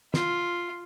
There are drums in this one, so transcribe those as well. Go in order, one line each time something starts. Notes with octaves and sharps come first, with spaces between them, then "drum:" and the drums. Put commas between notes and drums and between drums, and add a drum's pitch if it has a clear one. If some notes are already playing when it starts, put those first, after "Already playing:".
F4, drum: snare